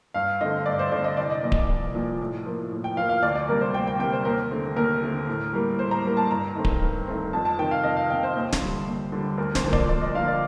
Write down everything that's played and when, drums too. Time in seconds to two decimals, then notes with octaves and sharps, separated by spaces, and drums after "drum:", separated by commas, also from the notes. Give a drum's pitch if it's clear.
0.14 G2 F5
0.41 D3 A3 C4 D#5
0.66 G2 D5
0.79 C5
0.92 D3 A3 C4 D5
1.04 D#5
1.17 C2 D5
1.30 D#5
1.43 A#2 F3 D#5
1.52 drum: kick D1
1.69 C2
1.95 A#2 F3
2.21 A2
2.46 F3 A#3
2.72 A2
2.84 G5
2.97 F3 A#3 F5
3.09 F5
3.22 D2 D5
3.36 D5
3.48 C3 G3 A#3 A#4
3.61 C5
3.74 D2 G5
3.87 G5
3.99 C3 G3 A#3 G5
4.13 C5
4.25 D#2 A#4
4.51 D3 A3 C4
4.76 D#2 A#4
5.03 D3 A3 C4
5.28 A2
5.53 G3 A#3
5.79 A2 C5
5.91 A#5
6.05 G3 A#3
6.17 A5
6.30 G2 A#5
6.55 D#3 A3 C4
6.65 drum: kick D1
6.82 G2
7.07 D#3 A3 C4
7.33 F2 A5
7.45 A5
7.58 C3 D#3 G5
7.71 F5
7.84 F2 D#5
7.97 F5
8.09 C3 D#3 G5
8.23 C5
8.35 D#2
8.53 drum: snare
8.62 D3 G3
8.86 D#2
9.12 D3 G3
9.38 D2 A#4
9.55 C5, drum: snare
9.64 D3 F3 A#3
9.73 D5, drum: kick D1
9.89 D2 D5
10.02 D#5
10.15 D3 F3 A#3 F5
10.28 D5